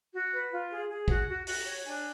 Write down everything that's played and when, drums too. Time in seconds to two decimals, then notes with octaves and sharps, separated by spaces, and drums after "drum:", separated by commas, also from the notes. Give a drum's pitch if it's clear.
0.12 F#4
0.31 B4
0.51 F4
0.70 G#4
0.88 G#4
1.08 F#4 F#5, drum: kick
1.27 F#4
1.47 F#4, drum: open hi-hat
1.66 C#5
1.85 D4 G#5